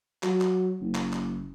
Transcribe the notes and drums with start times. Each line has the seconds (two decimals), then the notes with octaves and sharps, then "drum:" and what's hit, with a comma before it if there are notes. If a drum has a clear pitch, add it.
0.23 F#3, drum: clap
0.41 drum: clap
0.81 F#1
0.95 drum: clap
1.13 drum: clap